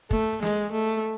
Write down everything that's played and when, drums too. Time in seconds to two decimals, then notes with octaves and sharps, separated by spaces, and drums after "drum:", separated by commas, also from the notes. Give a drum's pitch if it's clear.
0.11 A3, drum: kick
0.42 G#3, drum: snare
0.72 A3